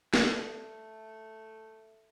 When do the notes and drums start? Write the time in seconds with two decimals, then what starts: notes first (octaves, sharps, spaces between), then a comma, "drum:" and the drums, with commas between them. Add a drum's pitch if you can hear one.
0.14 A3 A4 D5 E5, drum: snare